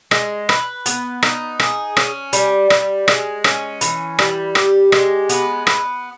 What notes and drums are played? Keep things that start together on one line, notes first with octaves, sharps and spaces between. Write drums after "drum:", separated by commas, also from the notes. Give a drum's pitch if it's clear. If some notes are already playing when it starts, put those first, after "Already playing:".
G#3, drum: rim click
B4, drum: rim click
B3, drum: hi-hat
D#4, drum: rim click
G#4, drum: rim click
C#4, drum: rim click
G3, drum: hi-hat
G3, drum: rim click
G#3, drum: rim click
C#4, drum: rim click
E3, drum: hi-hat
G3, drum: rim click
G4, drum: rim click
G#3, drum: rim click
B3, drum: hi-hat
B3, drum: rim click